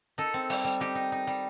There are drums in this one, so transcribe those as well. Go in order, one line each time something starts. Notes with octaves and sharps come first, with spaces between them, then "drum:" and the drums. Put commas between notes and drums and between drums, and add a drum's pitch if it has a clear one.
D#4 A4
C4
G3, drum: open hi-hat
G3
D#4 G4
D#4
D#4
G3